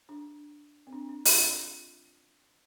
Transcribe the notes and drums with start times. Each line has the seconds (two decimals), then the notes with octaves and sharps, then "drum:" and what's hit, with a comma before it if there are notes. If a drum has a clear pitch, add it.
0.09 D4
0.87 C4
0.93 D4
1.09 D4
1.25 F4, drum: open hi-hat